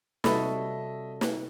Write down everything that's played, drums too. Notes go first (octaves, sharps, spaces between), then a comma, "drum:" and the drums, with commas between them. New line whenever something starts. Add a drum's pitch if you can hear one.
C3 G3 F#4 A4 D#5 E5 A5 B5, drum: snare
drum: snare